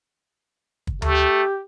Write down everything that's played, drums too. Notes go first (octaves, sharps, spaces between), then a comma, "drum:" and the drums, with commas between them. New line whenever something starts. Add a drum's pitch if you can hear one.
drum: kick
A3 G4, drum: tom D2